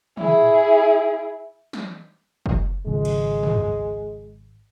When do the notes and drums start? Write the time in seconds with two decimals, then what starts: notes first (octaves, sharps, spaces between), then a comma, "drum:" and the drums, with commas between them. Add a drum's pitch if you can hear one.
0.17 E4 G#4, drum: tom
1.73 drum: snare
2.46 drum: kick
2.86 G#1 C#3 F3 G#3
3.05 drum: cymbal
3.43 drum: tom